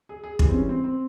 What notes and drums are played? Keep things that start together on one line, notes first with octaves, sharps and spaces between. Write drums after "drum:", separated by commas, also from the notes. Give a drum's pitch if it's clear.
G#4
G#4
G#2 E3 G3 G#4, drum: kick
C4
C#4
C4
C4